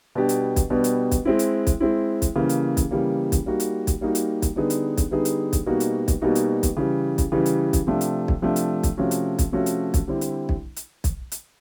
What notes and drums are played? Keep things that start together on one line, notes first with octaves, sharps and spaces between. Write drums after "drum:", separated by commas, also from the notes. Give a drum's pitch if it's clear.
B2 G3 B3 D4 G4
drum: hi-hat
drum: kick B1, hi-hat
B2 G3 B3 D4 G4
drum: hi-hat
drum: kick B1, hi-hat
G#3 C4 E4
drum: hi-hat
drum: kick B1, hi-hat
G#3 C4 E4
drum: kick B1, hi-hat
C#3 E3 G3 A#3
drum: hi-hat
drum: kick B1, hi-hat
C#3 E3 G3 A#3
drum: kick B1, hi-hat
G3 A#3 D#4 F#4
drum: hi-hat
drum: kick B1, hi-hat
G3 A#3 D#4 F#4
drum: hi-hat
drum: kick B1, hi-hat
D3 G3 B3 D#4 G#4
drum: hi-hat
drum: kick B1, hi-hat
D3 G3 B3 D#4 G#4
drum: hi-hat
drum: kick B1, hi-hat
B2 G3 A#3 D#4 F#4
drum: hi-hat
drum: kick B1, hi-hat
B2 G3 A#3 D#4 F#4
drum: hi-hat
drum: kick B1, hi-hat
C#3 E3 G3
drum: kick B1, hi-hat
C#3 E3 G3
drum: hi-hat
drum: kick B1, hi-hat
C3 F3 A3 D4
drum: hi-hat
drum: kick B1
C3 F3 A3 D4
drum: hi-hat
drum: kick B1, hi-hat
C3 F3 A3 C#4 F#4
drum: hi-hat
drum: kick B1, hi-hat
C3 F3 A3 C#4 F#4
drum: hi-hat
drum: kick B1, hi-hat
D3 G3 C4 E4 G4
drum: hi-hat
drum: kick B1
drum: hi-hat
drum: kick B1, hi-hat
drum: hi-hat